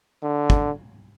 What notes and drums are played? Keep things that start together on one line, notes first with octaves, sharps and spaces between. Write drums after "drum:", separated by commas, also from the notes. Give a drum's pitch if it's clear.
D3
drum: kick